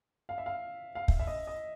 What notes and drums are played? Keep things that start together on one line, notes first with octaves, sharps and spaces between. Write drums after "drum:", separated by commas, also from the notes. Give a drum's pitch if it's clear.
F5
E5
F5
F5
E5, drum: kick
E5
D#5
D#5